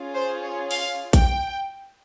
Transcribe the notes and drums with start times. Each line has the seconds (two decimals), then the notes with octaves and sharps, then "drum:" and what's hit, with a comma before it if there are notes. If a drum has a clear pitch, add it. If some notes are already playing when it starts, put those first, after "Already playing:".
Already playing: C#4 F4 G#4
0.14 C5
0.43 C#5
0.71 F5, drum: open hi-hat
1.13 G5, drum: kick A#1, hi-hat